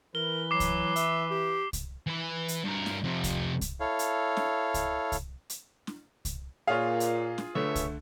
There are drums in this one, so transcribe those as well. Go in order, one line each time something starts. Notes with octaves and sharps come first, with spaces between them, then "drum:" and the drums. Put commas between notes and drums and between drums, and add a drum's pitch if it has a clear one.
E3 A#4 B4 G7
F#3 D6 C7
drum: kick C2, hi-hat
E5, drum: hi-hat
G4
drum: kick C2, hi-hat
E3 B4
drum: hi-hat
G2 A#4
drum: snare
F2 C3
drum: kick C2, hi-hat
drum: kick C2, hi-hat
E4 A4 C#5 F5
drum: hi-hat
drum: snare
drum: kick C2, hi-hat
drum: kick C2, hi-hat
drum: hi-hat
drum: snare
drum: kick C2, hi-hat
A#2 F4 G#4 C#5 F5
drum: hi-hat
drum: snare
D3 A3 B4 C#5 E5
drum: kick C2, hi-hat